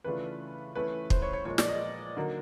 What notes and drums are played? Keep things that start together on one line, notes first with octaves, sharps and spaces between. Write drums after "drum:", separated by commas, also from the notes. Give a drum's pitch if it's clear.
C#3 E3 A3 D4 F4 B4
E3 A3 C#4 E4 B4
C5, drum: kick
C#5
C#5
A#2 F3 G#3 C#5
D5, drum: snare
D#5
D3 F#3 A#3 D#4